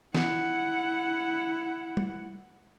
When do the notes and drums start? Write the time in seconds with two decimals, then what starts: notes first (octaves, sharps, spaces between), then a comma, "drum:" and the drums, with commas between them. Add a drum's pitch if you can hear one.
0.15 E4 F#5, drum: snare
1.97 drum: tom G3